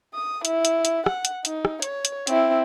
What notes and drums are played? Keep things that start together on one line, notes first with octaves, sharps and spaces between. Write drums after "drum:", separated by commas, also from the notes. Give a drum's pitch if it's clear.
D#6
E4, drum: hi-hat
drum: hi-hat
drum: hi-hat
F#5, drum: rim click
drum: hi-hat
D#4, drum: hi-hat
drum: rim click
C#5, drum: hi-hat
drum: hi-hat
C4 E4, drum: hi-hat